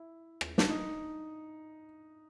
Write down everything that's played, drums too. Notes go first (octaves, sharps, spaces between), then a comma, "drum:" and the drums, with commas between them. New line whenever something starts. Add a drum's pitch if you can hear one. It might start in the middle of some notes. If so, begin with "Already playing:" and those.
Already playing: E4
drum: rim click
D4, drum: snare
D#4